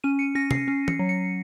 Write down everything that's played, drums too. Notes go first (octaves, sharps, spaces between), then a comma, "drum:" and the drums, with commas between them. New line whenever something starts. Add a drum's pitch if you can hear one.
C#4 D#7
C#7
C#4 A#6
C7, drum: tom
C#4
C#7, drum: tom
F#3
C#7